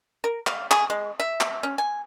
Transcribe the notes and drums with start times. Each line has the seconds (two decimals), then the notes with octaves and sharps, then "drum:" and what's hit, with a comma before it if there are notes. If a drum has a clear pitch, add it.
0.24 A#4
0.47 F5, drum: clap
0.71 G#4, drum: clap
0.90 G#3
1.20 E5
1.41 drum: clap
1.63 C#4
1.78 G#5